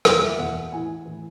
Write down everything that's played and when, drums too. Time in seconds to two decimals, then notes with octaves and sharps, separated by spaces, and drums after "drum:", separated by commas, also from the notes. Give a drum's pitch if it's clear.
0.05 E2 B2 G#5, drum: rim click
0.23 E5
0.39 E2 B2 F#5
0.72 A2 E3 G#5
1.05 A2 E3